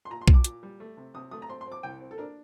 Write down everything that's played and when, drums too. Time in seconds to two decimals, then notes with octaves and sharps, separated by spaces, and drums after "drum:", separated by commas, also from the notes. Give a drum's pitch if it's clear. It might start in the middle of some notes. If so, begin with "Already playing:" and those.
0.05 C6
0.10 A#2 A#5
0.21 C6
0.28 A#2, drum: kick B1
0.34 D6
0.44 A#2, drum: hi-hat
0.63 G3
0.80 A3
0.97 C3
1.14 C3 D#6
1.31 A3 D#6
1.42 A#5
1.48 C4 C6
1.61 C6
1.67 C4 D6
1.83 C2 G5
2.00 C4
2.11 A4
2.18 D4 A#4